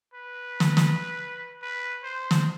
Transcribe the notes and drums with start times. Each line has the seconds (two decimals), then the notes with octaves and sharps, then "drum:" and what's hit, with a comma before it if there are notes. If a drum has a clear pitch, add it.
0.14 B4
0.60 drum: snare
0.77 drum: snare
1.62 B4
2.04 C5
2.31 drum: snare